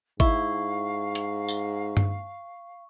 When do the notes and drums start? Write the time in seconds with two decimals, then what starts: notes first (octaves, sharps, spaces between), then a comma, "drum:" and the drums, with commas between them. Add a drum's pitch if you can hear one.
0.20 G#2 E4 F5 C#6, drum: kick G#1
1.15 drum: hi-hat
1.48 drum: tambourine
1.97 drum: tom G2